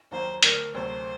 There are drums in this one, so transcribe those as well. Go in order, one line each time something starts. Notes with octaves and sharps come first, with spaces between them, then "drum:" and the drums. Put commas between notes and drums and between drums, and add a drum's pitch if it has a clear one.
D#2 D#3 F#3 A#3 C5
D3 A3 D4 A#4, drum: hi-hat
D2 C3 F#3 A3 C5